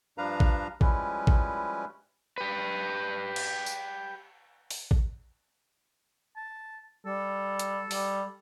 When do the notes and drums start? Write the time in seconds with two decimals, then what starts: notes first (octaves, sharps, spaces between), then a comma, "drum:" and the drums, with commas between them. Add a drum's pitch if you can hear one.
0.18 G2 F3 D4 B4 F5 A#5
0.40 drum: kick A1
0.81 F3 G3 G#3 C#4 E4 B4, drum: kick A1
1.27 drum: kick A1
2.38 G4 B4
3.36 drum: cymbal
3.66 drum: tambourine
4.71 drum: open hi-hat
4.91 drum: kick A1
6.36 A5
7.06 G3 A4
7.59 drum: hi-hat
7.91 G3, drum: open hi-hat